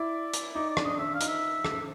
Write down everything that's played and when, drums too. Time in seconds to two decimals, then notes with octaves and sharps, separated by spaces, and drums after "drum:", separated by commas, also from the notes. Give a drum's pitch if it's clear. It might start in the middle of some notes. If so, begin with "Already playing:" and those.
Already playing: E4 D5
0.34 drum: hi-hat
0.55 D#4 D5
0.70 D5
0.77 D4, drum: rim click
0.85 D#5
0.99 D4 E5
1.14 F5
1.21 D#4, drum: hi-hat
1.29 E5
1.65 drum: rim click